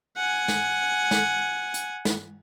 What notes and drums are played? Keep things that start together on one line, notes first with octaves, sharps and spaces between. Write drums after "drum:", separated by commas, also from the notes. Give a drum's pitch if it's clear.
F#5 G#5
drum: snare
drum: snare
drum: hi-hat
drum: snare